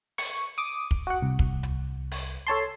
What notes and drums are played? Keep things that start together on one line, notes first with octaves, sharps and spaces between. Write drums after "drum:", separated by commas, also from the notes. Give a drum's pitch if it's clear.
C#6, drum: open hi-hat
D6 D#6
drum: kick
F#4 F#5
C2
drum: kick
drum: hi-hat
drum: open hi-hat
A4 C#5 A5 C6